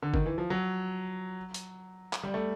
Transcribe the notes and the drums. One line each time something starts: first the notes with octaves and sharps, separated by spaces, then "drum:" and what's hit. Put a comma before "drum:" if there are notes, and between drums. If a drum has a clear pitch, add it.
D3
D#3, drum: kick F#1
E3
F3
F#3
drum: hi-hat
drum: clap
G3
A3